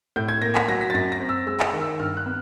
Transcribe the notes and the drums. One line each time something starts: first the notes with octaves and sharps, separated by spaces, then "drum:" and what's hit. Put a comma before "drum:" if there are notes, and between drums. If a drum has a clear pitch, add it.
A2 G6
G#6
A#3 A#6
B6, drum: clap
F#3 A#6
B6
A6
F#2 A#6
A#6
C4
E6
G#3 E6
drum: clap
D#3
E6
G2 F6
F#6
B3